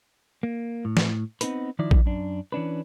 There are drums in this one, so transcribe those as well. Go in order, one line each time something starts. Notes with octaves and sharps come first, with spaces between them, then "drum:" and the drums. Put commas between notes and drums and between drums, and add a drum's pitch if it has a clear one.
A#3
A2
drum: snare
B3 C4 D#4 A#4 B4, drum: hi-hat
D#3 F3 D#4 E4 D5
drum: kick A#1
F#2 D4
E3 C#4 D4 B4